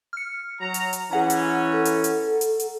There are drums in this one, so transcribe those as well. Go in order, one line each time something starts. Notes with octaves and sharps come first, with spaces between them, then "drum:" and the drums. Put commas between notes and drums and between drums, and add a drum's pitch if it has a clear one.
F6 C#7
F#3 A#5
drum: hi-hat
drum: hi-hat
E3 C#4 G#4 F#5 A#5
drum: hi-hat
A4
drum: hi-hat
drum: hi-hat
drum: hi-hat
drum: hi-hat